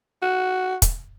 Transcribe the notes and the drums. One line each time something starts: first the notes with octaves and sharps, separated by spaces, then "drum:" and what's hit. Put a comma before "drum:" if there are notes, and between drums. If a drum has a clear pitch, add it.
F#4
drum: kick, hi-hat